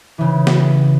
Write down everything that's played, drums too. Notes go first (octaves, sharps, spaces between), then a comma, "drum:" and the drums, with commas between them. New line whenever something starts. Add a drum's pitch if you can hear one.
C#3 E3
drum: snare